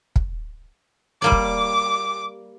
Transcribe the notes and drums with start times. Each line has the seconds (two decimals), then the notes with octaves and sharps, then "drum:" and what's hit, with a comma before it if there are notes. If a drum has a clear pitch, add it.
0.16 drum: kick
1.22 G3 A#3 D5 D6
1.32 drum: kick